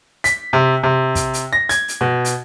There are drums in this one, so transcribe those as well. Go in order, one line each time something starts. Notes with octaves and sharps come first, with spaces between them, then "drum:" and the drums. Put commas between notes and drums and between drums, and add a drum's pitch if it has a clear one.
B6, drum: hi-hat
C3
C3
drum: kick, hi-hat
drum: hi-hat
A#6
G#6, drum: hi-hat
drum: hi-hat
B2
drum: hi-hat